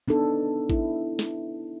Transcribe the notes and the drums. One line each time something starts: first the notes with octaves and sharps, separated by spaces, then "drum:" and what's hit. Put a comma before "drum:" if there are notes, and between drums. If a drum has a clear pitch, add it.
B3 D4 D#4 A4
E4, drum: kick G#1
drum: snare